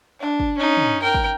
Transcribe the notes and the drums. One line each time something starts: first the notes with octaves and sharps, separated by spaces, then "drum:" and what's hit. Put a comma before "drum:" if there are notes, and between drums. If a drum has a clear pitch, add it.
D4, drum: clap
drum: kick
C#4 D#4
drum: tom
A#4 G5
drum: kick